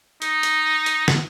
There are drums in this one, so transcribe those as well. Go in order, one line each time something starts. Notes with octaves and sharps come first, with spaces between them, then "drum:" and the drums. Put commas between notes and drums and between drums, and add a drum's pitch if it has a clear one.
D#4, drum: hi-hat
drum: hi-hat
drum: hi-hat
drum: snare